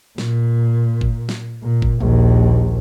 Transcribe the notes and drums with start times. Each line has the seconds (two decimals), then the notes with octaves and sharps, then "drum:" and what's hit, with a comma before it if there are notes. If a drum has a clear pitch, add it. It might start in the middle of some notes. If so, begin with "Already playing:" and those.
0.18 A#2, drum: snare
1.01 drum: kick G1
1.29 drum: snare
1.63 A#2
1.82 drum: kick G1
2.00 A#1 D#2, drum: tom